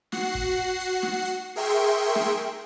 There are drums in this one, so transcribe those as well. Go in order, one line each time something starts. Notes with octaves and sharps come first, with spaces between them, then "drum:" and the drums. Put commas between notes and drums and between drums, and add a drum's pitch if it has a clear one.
F#4 F#5 C7, drum: snare
drum: kick
drum: hi-hat
drum: snare
drum: hi-hat
G#4 A#4 E5 G5 C6 C#6
drum: hi-hat
drum: snare